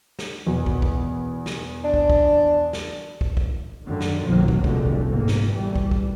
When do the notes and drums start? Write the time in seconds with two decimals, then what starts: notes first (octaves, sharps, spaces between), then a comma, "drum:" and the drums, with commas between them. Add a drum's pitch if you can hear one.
0.19 drum: snare
0.47 E2 B2 D#3
0.66 drum: kick
0.82 drum: kick
1.46 drum: snare
1.84 D4
1.94 drum: kick
2.10 drum: kick
2.73 drum: snare
3.21 drum: kick
3.37 drum: kick
3.85 F#2 D3 D#3 A3
4.01 drum: snare
4.24 B1 F2 D#3 F#3 A#3 B3
4.48 drum: kick
4.64 F1 C2 A#2 D3 G#3 A3, drum: kick
5.06 G1 G#2 C3 D#3 A#3
5.28 drum: snare
5.49 B2 E3 G3 A3
5.76 drum: kick
5.91 drum: kick